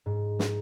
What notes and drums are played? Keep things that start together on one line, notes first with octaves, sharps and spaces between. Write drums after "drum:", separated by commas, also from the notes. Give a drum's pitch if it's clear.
G#2
drum: snare